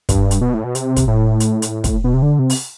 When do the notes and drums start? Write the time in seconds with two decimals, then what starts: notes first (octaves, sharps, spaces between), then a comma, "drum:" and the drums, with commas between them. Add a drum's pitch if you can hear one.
0.09 G2, drum: kick, hi-hat
0.31 drum: hi-hat
0.41 B2
0.54 A2
0.64 B2
0.75 C3, drum: hi-hat
0.96 drum: kick, hi-hat
1.08 A2
1.40 drum: hi-hat
1.62 drum: hi-hat
1.84 drum: kick, hi-hat
2.04 B2
2.14 C3
2.22 D3
2.39 C3
2.50 drum: open hi-hat